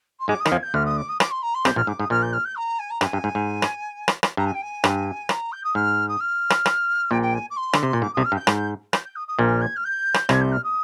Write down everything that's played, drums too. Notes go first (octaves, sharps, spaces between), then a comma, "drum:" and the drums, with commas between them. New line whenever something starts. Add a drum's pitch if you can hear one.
C6
G#2 G#3 D6
D#6
D#3, drum: rim click
F2 F3 G#6
G6
D2 D3 F6
D#6
D6
D#6
D6, drum: rim click
C6
A#5
C6
C2 C3 G6, drum: rim click
A#1 A#2 F6
G#2 D6
G#2 D#6
A#1 A#2 F6
G6
F6
G6
A#5
G#5
A#5
G2 G#5, drum: rim click
G2
G#2
G#2
drum: rim click
drum: rim click
drum: rim click
G2 A#5
G#5
G5
G#5
G2, drum: rim click
A#5, drum: rim click
G6
D#6
G#2 F6
D#6
F6
drum: rim click
drum: rim click
A#1 A#2 G5
G5
G#5
D6
C6
D3, drum: rim click
C3
A#2
G#2 D6
C2 C3 D#6
F6
G2
G6
G#2, drum: rim click
G6, drum: rim click
G6
D#6
D#6
A#1 A#2 F6
G#6
F6
G6
drum: rim click
C2 C3 G#6, drum: rim click
G6
F6
D#6